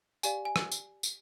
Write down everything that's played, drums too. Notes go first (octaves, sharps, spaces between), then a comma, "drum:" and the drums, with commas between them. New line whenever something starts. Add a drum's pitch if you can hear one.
G4 D5 F5 G#5, drum: tambourine
G#5
drum: rim click
drum: tambourine
drum: tambourine